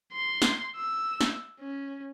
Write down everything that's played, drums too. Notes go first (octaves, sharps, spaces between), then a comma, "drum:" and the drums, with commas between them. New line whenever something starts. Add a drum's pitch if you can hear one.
C6
drum: snare
E6
drum: snare
C#4